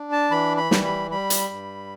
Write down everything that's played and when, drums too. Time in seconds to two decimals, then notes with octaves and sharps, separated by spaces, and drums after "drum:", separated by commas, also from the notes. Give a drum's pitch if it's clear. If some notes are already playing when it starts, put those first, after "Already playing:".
Already playing: D4
0.12 A5
0.31 E3 B5
0.57 B5
0.71 G3, drum: snare
0.84 B5
1.11 G3 B5
1.30 drum: hi-hat
1.49 G2